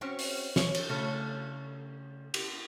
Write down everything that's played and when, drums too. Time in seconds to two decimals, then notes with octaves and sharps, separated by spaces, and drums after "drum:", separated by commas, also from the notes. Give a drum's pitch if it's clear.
0.01 C4 C#4 F#4
0.19 drum: open hi-hat
0.56 C#5, drum: snare
0.75 drum: cymbal
0.89 C#3 A3 C#4
2.34 drum: cymbal